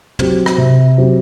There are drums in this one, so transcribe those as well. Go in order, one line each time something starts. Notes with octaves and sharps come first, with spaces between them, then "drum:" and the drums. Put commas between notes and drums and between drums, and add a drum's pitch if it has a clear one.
F#3 C4 G4, drum: tom
drum: rim click
C3
F#3 C4 G4